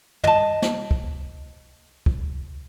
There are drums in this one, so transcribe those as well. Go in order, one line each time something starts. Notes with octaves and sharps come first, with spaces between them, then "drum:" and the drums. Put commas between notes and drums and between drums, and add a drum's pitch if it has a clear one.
D#5 A5, drum: tom
drum: snare
drum: kick
drum: kick